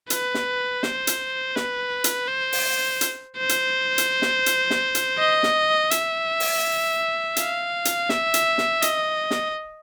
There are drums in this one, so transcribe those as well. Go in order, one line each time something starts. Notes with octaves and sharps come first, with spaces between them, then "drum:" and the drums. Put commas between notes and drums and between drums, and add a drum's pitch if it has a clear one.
B4, drum: hi-hat
drum: snare
C5, drum: snare
drum: hi-hat
B4, drum: snare
drum: hi-hat
C5
drum: open hi-hat
drum: hi-hat
C5
drum: hi-hat
drum: hi-hat
drum: snare
drum: hi-hat
drum: snare
drum: hi-hat
D#5
drum: snare
E5, drum: hi-hat
drum: open hi-hat
F5, drum: hi-hat
drum: hi-hat
E5, drum: snare
drum: hi-hat
drum: snare
D#5, drum: hi-hat
drum: snare